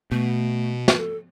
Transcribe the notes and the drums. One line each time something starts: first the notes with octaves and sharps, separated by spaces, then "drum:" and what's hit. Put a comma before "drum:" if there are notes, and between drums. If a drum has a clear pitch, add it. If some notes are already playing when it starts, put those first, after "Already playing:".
B2 A3
drum: snare
A4